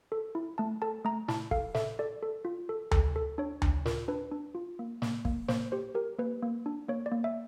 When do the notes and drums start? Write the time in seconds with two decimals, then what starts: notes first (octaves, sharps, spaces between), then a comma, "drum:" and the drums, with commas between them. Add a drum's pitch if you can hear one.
0.12 A4
0.35 E4
0.58 A3 A5
0.82 A4 A5
1.05 A3 A#5
1.28 E4 A5, drum: snare
1.51 A4 F5, drum: kick
1.75 A4 E5, drum: snare
1.99 A4 D5
2.22 A4
2.45 F4
2.69 A4
2.91 A4, drum: tom D2
3.16 A4
3.38 D4 C#5
3.62 D4, drum: tom D2
3.86 F4 A#4, drum: snare
4.08 D4 B4
4.31 D4
4.55 F4
4.79 A#3
5.02 A#3, drum: snare
5.25 A#3, drum: kick
5.48 A#3 C5, drum: snare
5.72 G4 C5
5.95 G4 A#4
6.19 A#3 B4
6.42 A#3
6.66 D4
6.88 A#3 C#5
7.06 D5
7.12 A#3
7.24 E5